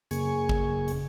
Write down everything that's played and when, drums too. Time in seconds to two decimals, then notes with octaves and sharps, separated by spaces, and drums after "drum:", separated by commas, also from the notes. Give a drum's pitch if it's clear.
0.11 F#2 C#3 A#3 G#4 G#5 C#6, drum: hi-hat
0.49 drum: kick
0.88 drum: hi-hat